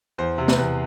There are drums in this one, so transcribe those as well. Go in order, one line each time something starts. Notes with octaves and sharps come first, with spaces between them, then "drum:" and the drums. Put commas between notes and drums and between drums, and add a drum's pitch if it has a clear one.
E2 C5
C3
B4, drum: snare
E2